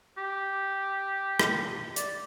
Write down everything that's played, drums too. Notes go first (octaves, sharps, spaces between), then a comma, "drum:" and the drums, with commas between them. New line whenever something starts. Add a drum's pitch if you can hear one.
G4
drum: rim click
D5, drum: hi-hat